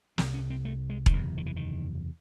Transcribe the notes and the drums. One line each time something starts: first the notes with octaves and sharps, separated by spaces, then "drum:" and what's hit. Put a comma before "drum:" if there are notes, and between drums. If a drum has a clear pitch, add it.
C2 C3 C4, drum: snare
C#4
C4
A3
G#3
D#3, drum: kick E1
F#1 E2 C3 E3
D#3
E3
D#3